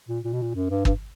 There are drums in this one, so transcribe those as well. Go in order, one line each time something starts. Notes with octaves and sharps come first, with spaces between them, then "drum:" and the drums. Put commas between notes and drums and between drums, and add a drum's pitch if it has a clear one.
A#2
A#2
B2
A#2
F#2
G2
G2, drum: kick